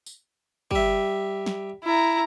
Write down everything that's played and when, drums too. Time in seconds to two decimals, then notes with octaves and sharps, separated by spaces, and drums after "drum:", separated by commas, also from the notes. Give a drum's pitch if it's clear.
0.06 drum: tambourine
0.71 G3 E5, drum: kick
1.46 drum: snare
1.84 E4 A#5